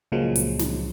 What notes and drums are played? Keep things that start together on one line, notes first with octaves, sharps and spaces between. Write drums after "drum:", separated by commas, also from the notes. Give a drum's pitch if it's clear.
C#2 A#2 F3 F#3 G#3
drum: hi-hat
drum: snare